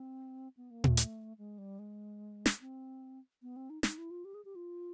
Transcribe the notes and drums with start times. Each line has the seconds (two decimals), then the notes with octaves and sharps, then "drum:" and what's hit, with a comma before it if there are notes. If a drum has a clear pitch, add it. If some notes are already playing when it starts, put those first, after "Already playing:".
Already playing: C4
0.57 B3
0.71 A#3
0.84 A3, drum: tom A#2
0.97 drum: hi-hat
1.38 G#3
1.58 G3
1.79 G#3
2.46 drum: snare
2.60 C4
3.42 B3
3.56 C4
3.70 D#4
3.83 D#4, drum: snare
3.98 E4
4.10 F4
4.25 G4
4.34 G#4
4.45 G4
4.55 F4